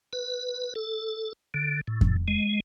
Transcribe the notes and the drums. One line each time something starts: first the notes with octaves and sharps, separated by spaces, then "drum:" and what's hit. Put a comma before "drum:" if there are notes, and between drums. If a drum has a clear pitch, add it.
B4
A4
D3
A2
drum: kick F2
G#3